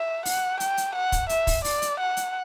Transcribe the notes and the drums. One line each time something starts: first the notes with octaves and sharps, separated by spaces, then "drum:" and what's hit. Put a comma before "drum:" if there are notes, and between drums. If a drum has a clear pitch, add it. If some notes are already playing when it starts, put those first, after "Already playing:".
Already playing: E5
F#5, drum: open hi-hat
G5, drum: hi-hat
drum: hi-hat
F#5
drum: kick, hi-hat
E5, drum: hi-hat
drum: kick, open hi-hat
D5, drum: open hi-hat
drum: hi-hat
F#5
drum: hi-hat